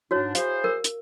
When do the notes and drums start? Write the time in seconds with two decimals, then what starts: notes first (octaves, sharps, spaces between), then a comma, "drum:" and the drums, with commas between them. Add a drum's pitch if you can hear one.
0.11 G#2 D4 F#4 C#5
0.35 E4 G#4 C5 F5, drum: hi-hat
0.64 A#4
0.84 drum: hi-hat